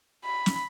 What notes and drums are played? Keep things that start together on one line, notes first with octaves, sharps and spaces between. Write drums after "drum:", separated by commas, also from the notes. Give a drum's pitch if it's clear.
B5
drum: snare